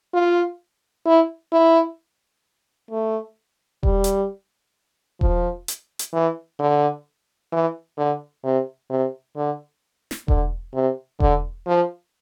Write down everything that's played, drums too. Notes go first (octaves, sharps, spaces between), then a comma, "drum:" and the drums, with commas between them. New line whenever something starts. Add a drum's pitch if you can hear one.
F4
E4
E4
A3
G3, drum: kick E1
drum: hi-hat
F3, drum: kick E1
drum: hi-hat
drum: hi-hat
E3
D3
E3
D3
C3
C3
D3
drum: snare
D3, drum: kick E1
C3
D3, drum: kick E1
F3